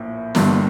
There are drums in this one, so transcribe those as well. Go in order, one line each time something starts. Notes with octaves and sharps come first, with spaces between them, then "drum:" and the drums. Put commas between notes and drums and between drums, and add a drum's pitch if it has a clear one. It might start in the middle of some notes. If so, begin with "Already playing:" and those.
Already playing: A#1 A2 A#3
G1 G2 D3 G3 A#3, drum: snare